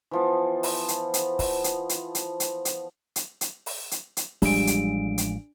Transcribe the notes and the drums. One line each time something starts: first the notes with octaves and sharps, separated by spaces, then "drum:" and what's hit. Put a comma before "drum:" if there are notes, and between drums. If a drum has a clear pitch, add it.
E3 F3 B3
drum: open hi-hat
drum: hi-hat
drum: hi-hat
drum: kick, open hi-hat
drum: hi-hat
drum: hi-hat
drum: hi-hat
drum: hi-hat
drum: hi-hat
drum: hi-hat
drum: hi-hat
drum: open hi-hat
drum: hi-hat
drum: hi-hat
A1 F3 G3 G#3 D4 D7, drum: kick, open hi-hat
drum: hi-hat
drum: hi-hat